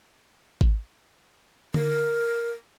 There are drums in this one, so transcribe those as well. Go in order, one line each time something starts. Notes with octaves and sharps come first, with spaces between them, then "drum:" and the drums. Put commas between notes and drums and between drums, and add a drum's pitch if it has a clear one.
drum: kick G#1
A#4, drum: tom D3